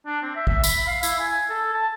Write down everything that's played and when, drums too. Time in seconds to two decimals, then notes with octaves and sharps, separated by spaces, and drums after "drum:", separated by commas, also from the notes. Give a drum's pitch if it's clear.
0.06 D4
0.23 C4
0.35 E5
0.47 E5, drum: kick
0.64 B5, drum: tambourine
0.87 F5
1.03 E4, drum: tambourine
1.19 G#5
1.50 A4
1.73 A5